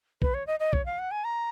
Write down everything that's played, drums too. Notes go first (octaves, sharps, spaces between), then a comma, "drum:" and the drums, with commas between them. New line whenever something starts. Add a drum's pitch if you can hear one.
B4, drum: kick
C#5
D#5
D#5
C#5, drum: kick
F5
F#5
G#5
A#5